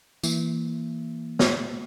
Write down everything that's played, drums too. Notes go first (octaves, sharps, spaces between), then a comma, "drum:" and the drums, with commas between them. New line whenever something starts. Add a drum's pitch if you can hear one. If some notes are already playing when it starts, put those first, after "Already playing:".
E3 A#3, drum: tambourine
drum: snare